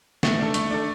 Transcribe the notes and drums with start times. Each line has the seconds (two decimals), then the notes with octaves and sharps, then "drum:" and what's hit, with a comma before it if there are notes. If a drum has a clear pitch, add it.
0.23 A3, drum: snare
0.39 D4 A4
0.54 A3, drum: hi-hat
0.70 D4 A4